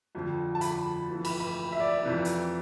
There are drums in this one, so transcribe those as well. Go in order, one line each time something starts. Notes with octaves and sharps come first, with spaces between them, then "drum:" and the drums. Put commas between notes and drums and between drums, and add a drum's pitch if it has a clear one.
F2 D3 F3
A5
B5, drum: hi-hat
F2 E3
B5, drum: cymbal
B5
E5
D5
F2 C3 E3
drum: hi-hat